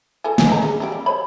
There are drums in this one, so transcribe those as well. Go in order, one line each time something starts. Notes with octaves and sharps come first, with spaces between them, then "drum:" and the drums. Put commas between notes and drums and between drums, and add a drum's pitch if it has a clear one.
F3 A4 G#5
drum: snare
B4 D#5 A#5
C#3 G3
F#3 G3 G4
G3
C5 C#5 B5